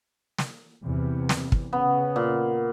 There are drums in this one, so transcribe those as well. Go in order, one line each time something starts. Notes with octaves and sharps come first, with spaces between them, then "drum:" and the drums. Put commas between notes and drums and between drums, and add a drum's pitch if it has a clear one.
drum: snare
E2 C3
drum: snare
drum: kick
C#3 B3 C#4
A#2